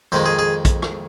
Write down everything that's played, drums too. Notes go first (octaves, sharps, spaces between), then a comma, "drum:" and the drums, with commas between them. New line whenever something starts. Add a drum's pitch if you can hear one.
F2 D#3 G#3 C5
G#4
G#4
drum: kick, hi-hat
drum: rim click